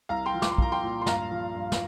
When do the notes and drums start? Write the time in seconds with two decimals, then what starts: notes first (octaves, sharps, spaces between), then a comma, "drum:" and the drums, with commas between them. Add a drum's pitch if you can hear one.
0.09 C2 F5 A#5
0.26 G5 C6
0.34 F3
0.42 D6, drum: snare
0.52 C6
0.58 C2 A#5, drum: kick
0.72 G5 C6
0.83 A#2
1.02 C6
1.06 G2 F5 A#5, drum: snare
1.31 F3
1.55 G2
1.72 drum: snare